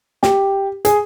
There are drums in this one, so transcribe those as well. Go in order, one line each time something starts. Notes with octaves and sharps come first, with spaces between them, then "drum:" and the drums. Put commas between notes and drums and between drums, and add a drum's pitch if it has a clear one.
G4, drum: snare
G#4, drum: hi-hat